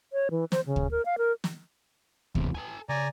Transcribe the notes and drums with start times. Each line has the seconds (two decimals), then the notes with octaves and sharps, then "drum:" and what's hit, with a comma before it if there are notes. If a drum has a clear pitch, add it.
0.13 C#5
0.31 E3
0.52 C5, drum: snare
0.66 C#3
0.76 drum: kick
0.91 A#4
1.05 F5
1.18 A#4
1.44 drum: snare
2.35 E2 C3, drum: kick
2.55 A4 G#5
2.89 C#3 D5 G#5 A#5